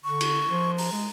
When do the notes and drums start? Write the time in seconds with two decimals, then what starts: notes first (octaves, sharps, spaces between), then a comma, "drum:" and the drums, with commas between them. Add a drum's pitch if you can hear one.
0.04 D3 C#6
0.21 drum: cymbal
0.48 F3
0.78 A#5, drum: open hi-hat
0.92 G#3